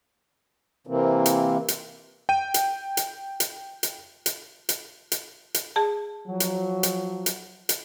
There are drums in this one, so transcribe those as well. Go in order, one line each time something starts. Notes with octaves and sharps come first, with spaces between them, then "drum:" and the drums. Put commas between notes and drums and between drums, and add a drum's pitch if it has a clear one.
C3 E3 A#3 C4
drum: hi-hat
drum: hi-hat
G5 D#7
drum: hi-hat
drum: hi-hat
drum: hi-hat
drum: hi-hat
drum: hi-hat
drum: hi-hat
drum: hi-hat
drum: hi-hat
G#4 A5
F3 F#3
drum: hi-hat
drum: hi-hat
drum: hi-hat
drum: hi-hat